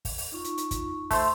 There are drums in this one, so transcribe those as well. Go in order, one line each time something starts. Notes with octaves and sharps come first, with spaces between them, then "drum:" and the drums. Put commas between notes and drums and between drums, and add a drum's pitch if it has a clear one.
drum: kick, open hi-hat
drum: open hi-hat
D#4 F4 C#6
drum: hi-hat
drum: hi-hat
drum: kick, hi-hat
A3 C5, drum: kick, open hi-hat